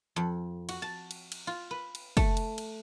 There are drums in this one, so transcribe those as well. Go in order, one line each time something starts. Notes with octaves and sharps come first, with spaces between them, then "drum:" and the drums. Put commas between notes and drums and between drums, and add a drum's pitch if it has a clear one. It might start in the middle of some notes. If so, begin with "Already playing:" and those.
F2
F#4, drum: cymbal
A5
drum: cymbal
drum: cymbal
F4
B4
drum: cymbal
A3, drum: kick, cymbal
drum: cymbal
drum: cymbal